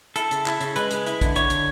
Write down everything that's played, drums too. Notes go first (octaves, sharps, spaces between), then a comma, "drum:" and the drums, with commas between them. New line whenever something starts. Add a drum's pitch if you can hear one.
E4 A4, drum: hi-hat
C#3, drum: hi-hat
E4, drum: clap
C#3, drum: hi-hat
G#3 B4, drum: hi-hat
G#3, drum: hi-hat
E4, drum: hi-hat
D3, drum: kick, hi-hat
D3 C#5, drum: hi-hat
D3, drum: hi-hat